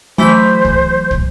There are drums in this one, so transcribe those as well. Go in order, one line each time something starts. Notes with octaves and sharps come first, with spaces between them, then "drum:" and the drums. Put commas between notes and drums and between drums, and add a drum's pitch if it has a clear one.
E3 F#3 A3 C5 B6
drum: kick
drum: kick